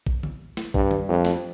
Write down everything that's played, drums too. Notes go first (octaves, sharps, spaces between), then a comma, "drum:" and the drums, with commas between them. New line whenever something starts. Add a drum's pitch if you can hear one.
drum: kick
drum: tom D3
drum: snare
G2, drum: kick
drum: tom D#3
F2
drum: snare